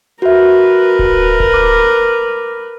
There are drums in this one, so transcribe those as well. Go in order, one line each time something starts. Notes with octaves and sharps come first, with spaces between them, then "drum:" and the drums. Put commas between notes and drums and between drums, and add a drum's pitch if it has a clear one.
F#4 A#4 B4 E5
drum: kick D1
drum: kick D1
D6